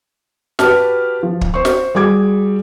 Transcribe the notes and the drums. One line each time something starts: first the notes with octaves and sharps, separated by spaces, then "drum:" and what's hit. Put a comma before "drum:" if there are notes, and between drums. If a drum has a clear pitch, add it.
F#4 G4 B4 A5 F6, drum: snare
F3
drum: kick
C5 C#6
drum: snare
G3 F#4 G#4 D6 G#6